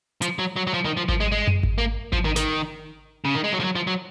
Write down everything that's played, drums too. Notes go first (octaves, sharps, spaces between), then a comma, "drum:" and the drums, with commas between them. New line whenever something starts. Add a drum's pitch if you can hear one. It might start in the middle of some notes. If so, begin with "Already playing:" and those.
F3, drum: hi-hat
F#3
F#3
F#3
F3
D#3
F3
F3, drum: kick G#1
G#3
G#3
drum: tom F#2
drum: kick G#1
A#3
F3, drum: kick G#1
D#3
D#3, drum: snare
C#3
D#3
G#3
F#3
F3
F#3
F3
F#3